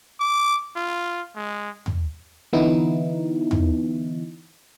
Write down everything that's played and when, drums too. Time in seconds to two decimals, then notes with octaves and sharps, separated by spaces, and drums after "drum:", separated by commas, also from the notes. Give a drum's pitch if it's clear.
0.20 D6
0.76 F4
1.36 G#3
1.86 drum: tom
2.53 D3 E3 B3 D#4 E4
3.51 drum: tom